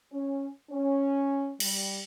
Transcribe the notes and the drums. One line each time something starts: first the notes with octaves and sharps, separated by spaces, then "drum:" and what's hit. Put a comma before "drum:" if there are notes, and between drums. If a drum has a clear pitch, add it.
C#4
C#4
G3, drum: cymbal